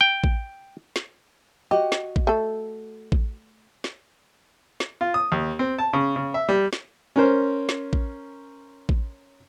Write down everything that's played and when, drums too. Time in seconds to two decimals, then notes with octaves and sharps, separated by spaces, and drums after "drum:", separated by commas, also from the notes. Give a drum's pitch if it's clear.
0.01 G5
0.24 drum: kick A1
0.96 drum: snare
1.71 F#4 G4 D#5
1.92 drum: snare
2.16 drum: kick A1
2.27 A3 A4
3.12 drum: kick A1
3.84 drum: snare
4.80 drum: snare
5.01 F4
5.14 D#6
5.32 D#2
5.59 C4
5.78 A5
5.93 C#3
6.16 C#3
6.34 E5
6.49 G3
6.73 drum: snare
7.16 C#4 A#4 C5
7.69 drum: snare
7.93 drum: kick A1
8.89 drum: kick A1